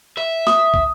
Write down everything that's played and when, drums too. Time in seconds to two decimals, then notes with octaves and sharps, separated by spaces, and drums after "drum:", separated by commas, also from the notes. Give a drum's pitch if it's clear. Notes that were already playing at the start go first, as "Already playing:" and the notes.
0.18 E5
0.47 D#6, drum: snare
0.74 drum: kick